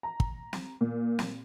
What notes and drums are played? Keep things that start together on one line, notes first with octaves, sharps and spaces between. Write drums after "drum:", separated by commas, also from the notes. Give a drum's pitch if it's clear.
A#5
drum: kick
drum: snare
A#2
drum: snare